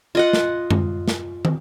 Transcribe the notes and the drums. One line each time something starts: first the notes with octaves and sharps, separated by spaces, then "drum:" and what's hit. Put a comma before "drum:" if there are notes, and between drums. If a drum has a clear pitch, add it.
F4 D#5 F#5
drum: snare
drum: tom F#2
drum: snare
drum: tom